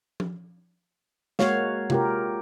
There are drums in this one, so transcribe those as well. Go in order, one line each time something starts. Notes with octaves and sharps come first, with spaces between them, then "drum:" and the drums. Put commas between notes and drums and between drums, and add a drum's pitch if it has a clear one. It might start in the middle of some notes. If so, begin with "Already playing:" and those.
drum: tom F3
G#3 A#3 F#4 C#5 F5, drum: snare
F4 G4 A#4, drum: tom C3